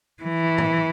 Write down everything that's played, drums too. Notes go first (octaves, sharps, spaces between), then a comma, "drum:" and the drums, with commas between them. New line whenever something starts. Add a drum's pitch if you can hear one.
E3
drum: tom A2